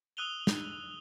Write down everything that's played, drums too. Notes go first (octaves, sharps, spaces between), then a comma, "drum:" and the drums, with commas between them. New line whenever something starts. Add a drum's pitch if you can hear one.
D#6 E6 F#6 D#7 F7 G7
drum: snare